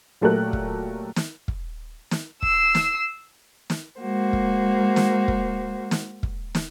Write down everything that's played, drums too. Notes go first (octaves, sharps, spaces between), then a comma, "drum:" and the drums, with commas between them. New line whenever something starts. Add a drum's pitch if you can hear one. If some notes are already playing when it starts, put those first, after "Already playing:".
A#2 F#3 A3 G4 A#4 F#6
drum: kick
drum: snare
drum: kick
drum: snare
E6 C7, drum: kick
drum: snare
drum: snare
G#3 A#3 F#4 C5
drum: kick
drum: snare
drum: kick
drum: snare
drum: kick
drum: snare